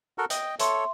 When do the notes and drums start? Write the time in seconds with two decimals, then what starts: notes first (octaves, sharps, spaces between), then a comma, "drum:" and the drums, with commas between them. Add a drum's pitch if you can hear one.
0.18 F#4 A4 A#4
0.30 D#5 G5, drum: hi-hat
0.59 A4 C#5 E5 C6, drum: hi-hat